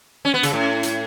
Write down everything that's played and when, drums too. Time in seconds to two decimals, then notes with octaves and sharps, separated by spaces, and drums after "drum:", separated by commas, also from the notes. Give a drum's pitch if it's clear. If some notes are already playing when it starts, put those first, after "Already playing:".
0.25 C#4
0.34 B3
0.43 C#3, drum: hi-hat
0.53 A2
0.83 drum: hi-hat